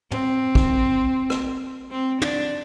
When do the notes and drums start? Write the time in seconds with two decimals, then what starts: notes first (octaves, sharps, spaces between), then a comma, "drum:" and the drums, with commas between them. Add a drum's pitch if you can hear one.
0.11 C4, drum: tom
0.55 drum: kick
1.30 drum: rim click
1.91 C4
2.22 D4, drum: tom